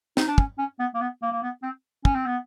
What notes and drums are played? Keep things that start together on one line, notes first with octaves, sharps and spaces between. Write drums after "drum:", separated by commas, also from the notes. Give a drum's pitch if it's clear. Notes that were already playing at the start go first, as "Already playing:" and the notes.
D#4, drum: snare
D4
C#4, drum: kick
C#4
B3
A#3
B3
A#3
A#3
B3
C4
C#4, drum: kick
C4
B3